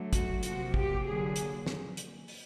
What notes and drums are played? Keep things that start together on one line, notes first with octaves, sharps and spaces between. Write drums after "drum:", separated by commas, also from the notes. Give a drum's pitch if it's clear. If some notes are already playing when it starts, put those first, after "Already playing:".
Already playing: D3 F#3 A3
F#4, drum: kick, hi-hat
C3 F3 A#3 F#4, drum: hi-hat
G4, drum: kick
D3 F#3 A#3 G#4
drum: hi-hat
drum: snare
drum: hi-hat
drum: open hi-hat